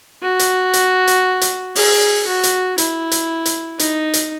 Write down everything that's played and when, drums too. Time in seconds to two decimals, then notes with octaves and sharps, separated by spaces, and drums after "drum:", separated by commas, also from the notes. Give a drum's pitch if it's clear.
0.22 F#4
0.39 drum: hi-hat
0.73 drum: hi-hat
1.07 drum: hi-hat
1.41 drum: hi-hat
1.75 G#4, drum: open hi-hat
2.27 F#4
2.43 drum: hi-hat
2.78 E4, drum: hi-hat
3.11 drum: hi-hat
3.45 drum: hi-hat
3.79 D#4, drum: hi-hat
4.14 drum: hi-hat